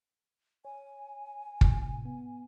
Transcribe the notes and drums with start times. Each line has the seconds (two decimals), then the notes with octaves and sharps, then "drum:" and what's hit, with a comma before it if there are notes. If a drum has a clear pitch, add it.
0.65 C#5 G#5
1.61 A2 C3, drum: kick
2.05 B3